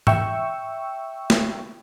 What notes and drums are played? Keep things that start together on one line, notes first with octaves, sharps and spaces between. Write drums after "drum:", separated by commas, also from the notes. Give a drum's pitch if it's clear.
E5 G5 C#6 E6, drum: tom G#2
drum: snare